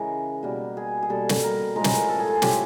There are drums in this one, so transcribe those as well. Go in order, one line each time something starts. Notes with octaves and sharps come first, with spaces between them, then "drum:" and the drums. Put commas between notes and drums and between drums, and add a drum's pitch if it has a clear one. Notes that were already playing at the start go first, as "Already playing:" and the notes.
Already playing: C#3 E3 G#3 A#4
B2 G3 A#3
G#4
G#4
B2 G3 A#3 A4
drum: snare
A#4
A2 F3 G#3 A#4
B4, drum: snare
A#4
A4
G#4
A4
A2 F3 G#3 G4, drum: snare